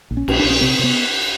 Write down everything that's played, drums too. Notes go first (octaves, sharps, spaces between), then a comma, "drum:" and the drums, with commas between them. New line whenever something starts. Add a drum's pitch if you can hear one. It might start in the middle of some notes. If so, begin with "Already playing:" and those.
A#1
C#4
A#1, drum: cymbal
A#1 D4
C#4
C3 C4
C3 B3